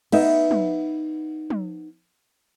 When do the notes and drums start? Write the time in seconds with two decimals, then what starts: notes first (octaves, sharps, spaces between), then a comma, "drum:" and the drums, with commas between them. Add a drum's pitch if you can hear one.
0.12 B3 D#4 E5, drum: cymbal
0.51 drum: tom
1.50 drum: tom